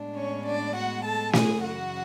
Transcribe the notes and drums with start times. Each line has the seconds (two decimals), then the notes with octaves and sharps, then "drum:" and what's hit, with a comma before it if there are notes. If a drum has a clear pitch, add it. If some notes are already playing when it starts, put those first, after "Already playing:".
Already playing: A2 G#3 B3 D4
0.15 C#4 C#5
0.45 D4 D5
0.74 F#4 F#5
1.04 A4 A5
1.33 G#4 G#5, drum: snare
1.63 F#2 C#3 E3 F#4 F#5